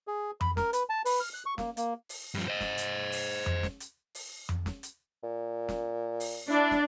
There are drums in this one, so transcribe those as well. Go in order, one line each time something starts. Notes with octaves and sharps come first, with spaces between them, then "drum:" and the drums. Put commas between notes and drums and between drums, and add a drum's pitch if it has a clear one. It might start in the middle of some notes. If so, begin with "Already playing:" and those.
G#4
B5, drum: tom F2
A#4, drum: snare
B4, drum: hi-hat
A5
B4, drum: open hi-hat
F6
F#6
C#6
A#3, drum: snare
A#3, drum: hi-hat
drum: open hi-hat
G2 F3
C5 D#5
drum: snare
drum: hi-hat
drum: open hi-hat
drum: tom F2
drum: snare
drum: hi-hat
drum: open hi-hat
drum: tom F2
drum: snare
drum: hi-hat
A#2
drum: snare
drum: open hi-hat
D4 E4
drum: snare